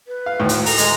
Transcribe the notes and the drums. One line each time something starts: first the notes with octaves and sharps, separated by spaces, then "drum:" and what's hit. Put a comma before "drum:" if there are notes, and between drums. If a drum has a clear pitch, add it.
B4
F5
D2 A2 D#3
drum: hi-hat
A4 A#5, drum: open hi-hat
G#3, drum: hi-hat